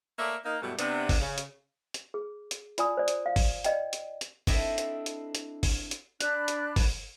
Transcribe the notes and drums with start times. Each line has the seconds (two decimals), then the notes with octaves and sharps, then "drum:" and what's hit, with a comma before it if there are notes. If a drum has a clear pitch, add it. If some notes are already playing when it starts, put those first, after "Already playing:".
0.19 A3 A#3 C#5 D5 E5
0.45 A#3 D#4
0.62 G2 B2 E3 F#3 G3 A3
0.79 C3 B3 D4, drum: hi-hat
1.09 drum: kick, open hi-hat
1.20 C#3
1.38 drum: hi-hat
1.94 drum: hi-hat
2.14 G#4
2.51 drum: hi-hat
2.78 F4 D5 G#5 D#6, drum: hi-hat
2.97 C5 D5
3.08 drum: hi-hat
3.26 F5
3.36 drum: kick, open hi-hat
3.64 D5 D#5 G5, drum: hi-hat
3.93 drum: hi-hat
4.21 drum: hi-hat
4.47 C4 D4 E4 A4 D#5 E5, drum: kick, open hi-hat
4.78 drum: hi-hat
5.06 drum: hi-hat
5.35 drum: hi-hat
5.63 drum: kick, open hi-hat
5.91 drum: hi-hat
6.20 D4 D5 B5 F#6, drum: hi-hat
6.48 drum: hi-hat
6.76 drum: kick, open hi-hat